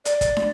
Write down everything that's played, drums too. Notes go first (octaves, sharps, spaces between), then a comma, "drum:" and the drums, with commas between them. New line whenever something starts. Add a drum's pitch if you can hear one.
D5, drum: hi-hat
drum: kick, hi-hat
drum: snare